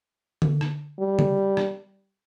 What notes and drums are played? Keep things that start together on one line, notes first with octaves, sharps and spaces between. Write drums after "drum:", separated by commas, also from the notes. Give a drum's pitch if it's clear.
drum: tom D3
drum: rim click
G3
drum: tom C#3
drum: rim click